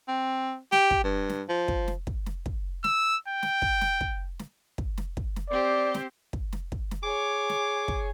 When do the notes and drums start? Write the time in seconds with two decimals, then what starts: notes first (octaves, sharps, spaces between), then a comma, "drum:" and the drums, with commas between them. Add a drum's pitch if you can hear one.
0.08 C4
0.72 G4, drum: snare
0.91 drum: kick
1.04 G2
1.29 drum: snare
1.49 F3
1.68 drum: kick
1.88 drum: snare
2.07 drum: kick
2.26 drum: snare
2.46 drum: kick
2.84 E6, drum: snare
3.28 G5
3.43 drum: snare
3.62 drum: kick
3.81 drum: snare
4.01 drum: kick
4.39 drum: snare
4.78 drum: kick
4.98 drum: snare
5.17 drum: kick
5.36 drum: snare
5.50 C4 G4 C5 D5
5.94 drum: snare
6.33 drum: kick
6.53 drum: snare
6.72 drum: kick
6.91 drum: snare
7.03 G#4 C#5 D6
7.49 drum: snare
7.88 drum: kick